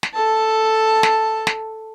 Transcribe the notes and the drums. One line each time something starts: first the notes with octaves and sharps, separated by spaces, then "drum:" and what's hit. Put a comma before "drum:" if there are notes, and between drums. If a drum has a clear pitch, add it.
drum: snare
A4 A5
drum: snare
drum: snare